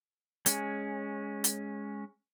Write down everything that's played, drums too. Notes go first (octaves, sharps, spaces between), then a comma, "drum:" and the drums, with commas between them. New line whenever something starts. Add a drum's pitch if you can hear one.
G#3 C#4, drum: hi-hat
drum: hi-hat